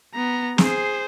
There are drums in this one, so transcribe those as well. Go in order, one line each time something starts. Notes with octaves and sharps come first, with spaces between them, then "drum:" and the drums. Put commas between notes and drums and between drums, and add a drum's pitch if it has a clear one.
B3 A#5
G#4 C5, drum: snare